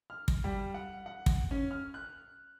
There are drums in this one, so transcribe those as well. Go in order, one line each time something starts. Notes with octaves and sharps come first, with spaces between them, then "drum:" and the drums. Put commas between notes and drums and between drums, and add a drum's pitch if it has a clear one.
F6
drum: kick
G3
F#5
F#5
drum: kick
C#4
F6
F#6